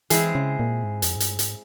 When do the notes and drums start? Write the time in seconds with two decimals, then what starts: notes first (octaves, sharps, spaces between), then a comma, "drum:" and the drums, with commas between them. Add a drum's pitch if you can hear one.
0.10 E3 G#3 C4 E4 G#4, drum: hi-hat
0.35 C#3
0.60 A#2
0.84 G#2
1.02 F2, drum: hi-hat
1.16 G#2
1.20 G2, drum: hi-hat
1.39 G#2, drum: hi-hat